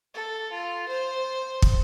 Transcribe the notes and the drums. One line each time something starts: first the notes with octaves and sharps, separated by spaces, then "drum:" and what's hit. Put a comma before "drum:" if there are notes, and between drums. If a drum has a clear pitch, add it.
A4
F4
C5
drum: kick